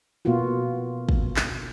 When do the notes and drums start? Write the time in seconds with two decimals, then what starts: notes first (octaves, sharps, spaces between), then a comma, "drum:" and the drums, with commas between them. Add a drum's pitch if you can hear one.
0.25 B2 A#3 B3 F4 F#4
1.09 drum: kick
1.36 drum: clap